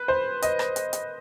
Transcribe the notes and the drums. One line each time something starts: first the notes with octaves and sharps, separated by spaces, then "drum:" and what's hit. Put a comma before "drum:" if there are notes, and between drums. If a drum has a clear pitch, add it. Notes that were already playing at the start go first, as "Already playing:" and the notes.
Already playing: B4
C5
D#5, drum: hi-hat
drum: rim click
drum: hi-hat
drum: hi-hat